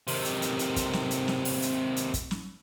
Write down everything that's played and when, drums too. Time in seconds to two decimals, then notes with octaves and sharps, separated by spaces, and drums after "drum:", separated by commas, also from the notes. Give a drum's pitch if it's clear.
0.08 C3 D#3, drum: open hi-hat
0.25 drum: hi-hat
0.42 drum: hi-hat
0.59 drum: hi-hat
0.76 drum: kick, hi-hat
0.93 drum: snare
1.11 drum: hi-hat
1.28 drum: snare
1.45 drum: open hi-hat
1.62 drum: hi-hat
1.96 drum: hi-hat
2.14 drum: kick, hi-hat
2.31 drum: snare